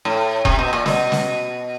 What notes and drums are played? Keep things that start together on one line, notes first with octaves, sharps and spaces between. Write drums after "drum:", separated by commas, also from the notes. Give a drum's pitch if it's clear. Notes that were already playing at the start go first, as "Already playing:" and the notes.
A2
C3, drum: kick E1
B2
A#2
B2, drum: snare
drum: snare